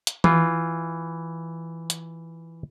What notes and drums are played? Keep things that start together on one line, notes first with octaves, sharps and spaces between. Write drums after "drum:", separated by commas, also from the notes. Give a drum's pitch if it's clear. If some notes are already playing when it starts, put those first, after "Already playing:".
drum: hi-hat
E3 F4, drum: tom E3
drum: hi-hat